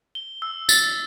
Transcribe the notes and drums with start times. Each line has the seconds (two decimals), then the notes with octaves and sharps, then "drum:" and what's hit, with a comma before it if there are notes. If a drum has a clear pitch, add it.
0.15 G7
0.42 E6
0.69 A6, drum: tambourine